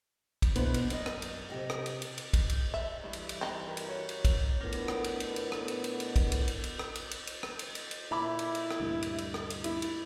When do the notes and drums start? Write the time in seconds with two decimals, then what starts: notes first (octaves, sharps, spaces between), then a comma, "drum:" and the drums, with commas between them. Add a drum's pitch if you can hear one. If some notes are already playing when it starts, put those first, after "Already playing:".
0.42 drum: kick, cymbal
0.55 B2 B3 D4 E4 B4 C5, drum: cymbal
0.74 drum: cymbal
0.90 F#2 D5 D#5, drum: cymbal
1.06 drum: rim click
1.22 drum: cymbal
1.50 C3 G4 D#5
1.70 drum: rim click
1.86 drum: cymbal
2.02 drum: cymbal
2.18 drum: cymbal
2.33 drum: kick, cymbal
2.49 drum: cymbal
2.74 E5
3.03 G2 E3
3.13 drum: cymbal
3.29 drum: cymbal
3.41 E3 C4 D#4
3.67 A#4 B4
3.77 drum: cymbal
3.88 F#4 C#5
4.09 drum: cymbal
4.25 drum: kick, cymbal
4.61 A2 D3 B3 D4 F4 A#4
4.72 drum: cymbal
4.88 drum: rim click
5.04 drum: cymbal
5.20 drum: cymbal
5.36 drum: cymbal
5.52 drum: rim click
5.68 drum: cymbal
5.84 drum: cymbal
6.00 drum: cymbal
6.16 drum: kick, cymbal
6.32 drum: cymbal
6.48 drum: cymbal
6.63 drum: cymbal
6.79 drum: rim click
6.95 drum: cymbal
7.11 drum: cymbal
7.27 drum: cymbal
7.43 drum: rim click
7.59 drum: cymbal
7.75 drum: cymbal
7.91 drum: cymbal
8.11 A#2 E4 E5 B5 D6
8.39 drum: cymbal
8.55 drum: cymbal
8.71 drum: rim click
8.80 D2 G2 A#2
9.02 drum: cymbal
9.18 drum: cymbal
9.34 drum: rim click
9.50 drum: cymbal
9.64 E4, drum: cymbal
9.82 drum: cymbal